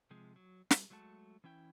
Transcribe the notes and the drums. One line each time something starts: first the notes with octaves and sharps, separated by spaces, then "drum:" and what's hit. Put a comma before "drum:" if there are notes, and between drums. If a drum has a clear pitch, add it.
C3 F3 G#3
F#3
G3, drum: snare
F#3 G#3 A3 F#4 A5
E3 C#4 E4 G5